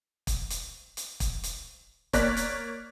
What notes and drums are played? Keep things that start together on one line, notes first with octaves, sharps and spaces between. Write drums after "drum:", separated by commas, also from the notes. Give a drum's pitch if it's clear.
drum: kick, hi-hat
drum: hi-hat
drum: hi-hat
drum: kick, hi-hat
drum: hi-hat
A#3 C#5 D5 F6 F#6 B6, drum: kick, hi-hat
drum: hi-hat